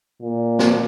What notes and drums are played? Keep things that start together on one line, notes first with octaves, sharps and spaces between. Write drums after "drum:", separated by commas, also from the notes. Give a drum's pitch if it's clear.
A#2
drum: snare